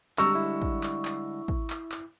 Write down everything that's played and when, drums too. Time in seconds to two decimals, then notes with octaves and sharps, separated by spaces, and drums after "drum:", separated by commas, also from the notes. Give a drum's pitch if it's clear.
0.18 D3 G3 G#3 A#5 C#6 E6, drum: clap
0.35 E4
0.62 drum: kick
0.83 drum: clap
1.05 drum: clap
1.48 drum: kick
1.70 drum: clap
1.92 drum: clap